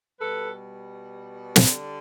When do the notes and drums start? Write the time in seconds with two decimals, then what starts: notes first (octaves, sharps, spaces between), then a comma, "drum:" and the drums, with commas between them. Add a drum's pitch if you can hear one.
0.19 B2 G3 A4 B4
1.56 D3 G3, drum: snare